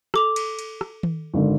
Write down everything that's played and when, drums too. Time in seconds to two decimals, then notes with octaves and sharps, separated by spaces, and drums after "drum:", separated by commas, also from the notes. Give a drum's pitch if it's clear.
0.14 A4 D6 F7, drum: rim click
0.36 drum: cymbal
0.59 drum: cymbal
0.81 drum: rim click
1.03 drum: tom D#3
1.34 G#1 D3